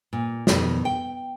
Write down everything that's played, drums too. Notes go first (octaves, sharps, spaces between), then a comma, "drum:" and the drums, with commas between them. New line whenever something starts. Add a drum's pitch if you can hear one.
A#2
F2 B2 D#3, drum: snare
G5